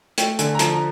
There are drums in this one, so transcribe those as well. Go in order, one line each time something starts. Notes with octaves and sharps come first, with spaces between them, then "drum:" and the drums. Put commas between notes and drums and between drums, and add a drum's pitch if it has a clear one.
A3 G5, drum: hi-hat
D3 G#5, drum: hi-hat
A#5
F3 A5, drum: hi-hat
A#5